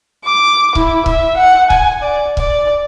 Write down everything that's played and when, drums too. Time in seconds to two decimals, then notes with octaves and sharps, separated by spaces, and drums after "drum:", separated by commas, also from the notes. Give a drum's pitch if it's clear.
0.24 D6
0.75 E4, drum: kick C#1
1.06 E5, drum: kick C#1
1.37 F#5
1.70 G#5, drum: kick C#1
2.02 D5
2.37 D5, drum: kick C#1